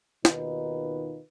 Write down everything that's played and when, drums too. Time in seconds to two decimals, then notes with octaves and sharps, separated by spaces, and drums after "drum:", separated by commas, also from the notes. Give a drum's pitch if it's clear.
0.25 D#2 B2 D#3 D#4 F4 B4, drum: snare